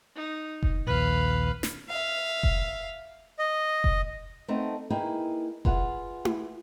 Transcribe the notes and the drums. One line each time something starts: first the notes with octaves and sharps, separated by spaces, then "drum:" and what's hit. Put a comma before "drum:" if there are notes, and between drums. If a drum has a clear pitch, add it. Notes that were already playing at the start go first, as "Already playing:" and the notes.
D#4
drum: kick F1
A#1 D#2 B4 F5
drum: snare
E5 F5
drum: kick F1
D#5
drum: kick F1
A3 B3 C4 D#4 A4
A#3 D#4 E4 G#4 B4 G5
F4 G#4 B4 E5 F#5, drum: kick F1
drum: tom E4